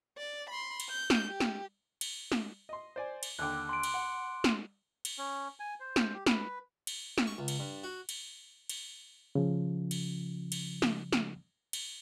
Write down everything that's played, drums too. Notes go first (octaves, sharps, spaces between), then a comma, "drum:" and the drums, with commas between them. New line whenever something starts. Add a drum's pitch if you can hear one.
D5
B5 C6
drum: cymbal
G6
drum: snare G#3
G4
drum: snare G#3
drum: cymbal
drum: snare G#3
D#5 C6
C5 D5 G#5
drum: cymbal
D#2 D3 G5 D6 F#6
C6 D7
drum: cymbal
F#5
drum: snare G#3
drum: cymbal
C#4
G#5
C5
drum: snare G#3
G4
B4, drum: snare G#3
drum: cymbal
drum: snare G#3
C#6
C#2
drum: cymbal
G2
F#4
drum: cymbal
drum: cymbal
C#3 F3
drum: cymbal
drum: cymbal
drum: snare G#3
drum: snare G#3
drum: cymbal